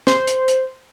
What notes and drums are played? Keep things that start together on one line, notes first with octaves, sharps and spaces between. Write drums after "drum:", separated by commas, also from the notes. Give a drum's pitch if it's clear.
C5, drum: snare
drum: hi-hat
drum: hi-hat